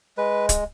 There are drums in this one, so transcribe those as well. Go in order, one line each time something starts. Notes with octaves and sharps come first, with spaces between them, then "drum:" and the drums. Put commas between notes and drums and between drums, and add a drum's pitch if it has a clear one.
G#3 B4
drum: kick, hi-hat